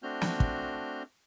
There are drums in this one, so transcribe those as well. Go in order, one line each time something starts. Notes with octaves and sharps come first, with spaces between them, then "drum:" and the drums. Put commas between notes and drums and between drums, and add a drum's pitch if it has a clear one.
A3 C4 D4 F#4 F6 G6
drum: snare
drum: kick